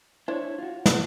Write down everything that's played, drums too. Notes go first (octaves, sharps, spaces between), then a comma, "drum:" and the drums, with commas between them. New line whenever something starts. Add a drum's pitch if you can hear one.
D4 E4 C5 C#5
F4 F#4
C3 B3 F#4 B4, drum: snare